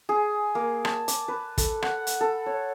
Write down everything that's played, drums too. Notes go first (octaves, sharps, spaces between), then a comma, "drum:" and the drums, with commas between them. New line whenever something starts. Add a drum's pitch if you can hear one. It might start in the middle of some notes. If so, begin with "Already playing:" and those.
G#4
A#3
A5, drum: rim click
D6, drum: hi-hat
B4
A4, drum: kick, hi-hat
F#5, drum: rim click
drum: hi-hat
A4
C#5